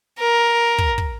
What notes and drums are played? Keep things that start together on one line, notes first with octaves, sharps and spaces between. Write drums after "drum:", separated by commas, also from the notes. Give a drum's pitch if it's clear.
A#4
drum: kick
drum: kick